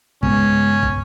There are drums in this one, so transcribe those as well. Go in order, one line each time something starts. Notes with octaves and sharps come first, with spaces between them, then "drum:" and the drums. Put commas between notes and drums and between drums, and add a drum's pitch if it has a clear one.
G2 C#3 G#3 B3 C#4, drum: kick
drum: kick